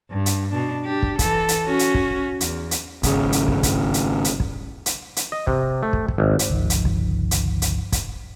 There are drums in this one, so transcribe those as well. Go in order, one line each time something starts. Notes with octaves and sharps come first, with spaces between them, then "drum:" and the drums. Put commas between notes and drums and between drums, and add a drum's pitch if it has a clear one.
G2
drum: hi-hat
B2 D4
D4 G4
drum: kick
E3 A4, drum: kick, hi-hat
drum: hi-hat
C#4 F#4
drum: hi-hat
drum: kick
E2, drum: hi-hat
drum: hi-hat
G#1 C#3, drum: kick, hi-hat
drum: hi-hat
drum: kick
drum: kick, hi-hat
drum: hi-hat
drum: hi-hat
drum: kick
drum: hi-hat
drum: hi-hat
D#5
C3, drum: kick
A3
drum: kick
drum: kick
G#1
drum: hi-hat
G1 C#2 D#3 F3
drum: hi-hat
drum: kick
drum: hi-hat
drum: hi-hat
drum: kick, hi-hat